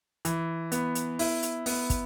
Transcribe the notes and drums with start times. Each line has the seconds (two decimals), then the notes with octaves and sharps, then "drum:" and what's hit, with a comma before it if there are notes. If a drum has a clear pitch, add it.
0.25 E3, drum: hi-hat
0.72 B3, drum: hi-hat
0.95 drum: hi-hat
1.19 E4, drum: open hi-hat
1.43 drum: hi-hat
1.66 B3, drum: open hi-hat
1.90 drum: kick, hi-hat